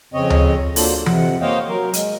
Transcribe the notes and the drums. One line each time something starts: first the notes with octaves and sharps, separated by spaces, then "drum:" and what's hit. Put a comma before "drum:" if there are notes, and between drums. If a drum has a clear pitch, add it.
F2 C#3 C4 C#5 D#5
drum: tom D2
F#3 A#3 D4 F4 A4 C5, drum: open hi-hat
F2 C3 F#5, drum: tom E3
A#3 C5 C#5 D#5 F5 G5
F#3 A#4
G#3, drum: hi-hat